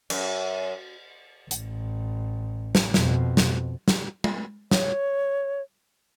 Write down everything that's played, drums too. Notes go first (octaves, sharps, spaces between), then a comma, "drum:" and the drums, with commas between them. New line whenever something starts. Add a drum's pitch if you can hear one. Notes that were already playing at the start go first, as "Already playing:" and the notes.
F#2, drum: cymbal
A1, drum: hi-hat
drum: snare
F2 B2, drum: snare
drum: snare
drum: snare
drum: tom G#3
C#5, drum: snare